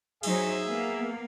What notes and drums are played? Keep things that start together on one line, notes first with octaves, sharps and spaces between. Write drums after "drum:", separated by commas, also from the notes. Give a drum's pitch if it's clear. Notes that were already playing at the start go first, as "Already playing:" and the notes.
F#3 D#4 G#4 C5 E5, drum: cymbal
A#3 B3 F5